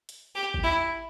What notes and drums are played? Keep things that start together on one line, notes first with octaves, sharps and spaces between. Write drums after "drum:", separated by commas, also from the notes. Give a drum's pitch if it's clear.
drum: hi-hat
G4
drum: kick
E4